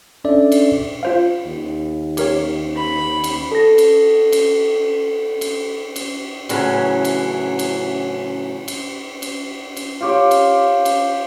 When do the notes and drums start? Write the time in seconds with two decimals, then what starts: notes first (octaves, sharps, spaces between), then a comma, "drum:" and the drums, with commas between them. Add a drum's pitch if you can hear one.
0.24 C#4 D4 A4 D5 E5
0.52 drum: cymbal
1.03 F4 C5 F5
1.46 D#2
2.17 G4 A#4 C#5, drum: cymbal
2.76 B5
3.24 drum: cymbal
3.52 A4 A#6
3.78 drum: cymbal
4.32 drum: cymbal
5.41 drum: cymbal
5.96 drum: cymbal
6.49 A2 C#3 E3 F#3, drum: cymbal
7.05 drum: cymbal
7.59 drum: cymbal
8.68 drum: cymbal
9.22 drum: cymbal
9.77 drum: cymbal
10.00 F4 G4 C#5
10.31 drum: cymbal
10.85 drum: cymbal